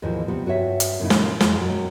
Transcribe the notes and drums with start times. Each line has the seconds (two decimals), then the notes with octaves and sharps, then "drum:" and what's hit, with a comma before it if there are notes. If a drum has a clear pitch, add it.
0.02 D#2 G#2 B2 E3 F3
0.28 C3 G3 B3
0.46 G2 F#4 C#5 E5
0.80 drum: hi-hat
1.00 F#2 A#2 C#3 C#4 D#4 E4
1.10 drum: snare
1.40 F2 G#3 E4 G#4, drum: snare
1.60 F#2 B2 F#3 G5